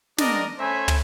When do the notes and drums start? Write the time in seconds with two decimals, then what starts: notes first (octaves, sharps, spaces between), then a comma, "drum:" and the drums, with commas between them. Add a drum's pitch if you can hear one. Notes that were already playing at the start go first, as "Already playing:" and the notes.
0.18 G#3 B3 D4 A#4 D5 D#5, drum: snare
0.59 A3 C#4 C5 E5 G#5 B5
0.88 drum: tom